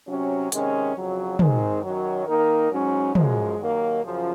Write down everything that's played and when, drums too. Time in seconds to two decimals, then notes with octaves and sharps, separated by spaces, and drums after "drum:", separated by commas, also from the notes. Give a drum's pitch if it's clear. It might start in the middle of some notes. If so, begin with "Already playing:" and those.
0.08 C3 F#3 C#4
0.52 C3 D#3 G#3 C#4, drum: hi-hat
0.96 F2 C#3 F#3
1.39 G#2 D#3 G#3 C4 D#4, drum: tom
1.83 F#2 D#3 F#3
2.27 D#3 A#3 D#4 A#4
2.71 G#2 F#3 C#4
3.15 F#2 F3 G#3, drum: tom
3.59 D#2 D#3 F#3 A#3
4.02 F#2 C#3 F3